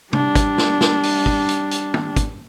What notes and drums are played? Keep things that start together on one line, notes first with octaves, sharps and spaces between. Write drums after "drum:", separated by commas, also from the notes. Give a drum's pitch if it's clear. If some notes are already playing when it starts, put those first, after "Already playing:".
G3 D4, drum: tom C3
drum: kick, hi-hat
drum: snare
drum: snare
drum: open hi-hat
drum: kick
drum: hi-hat
drum: hi-hat
drum: tom
drum: kick, hi-hat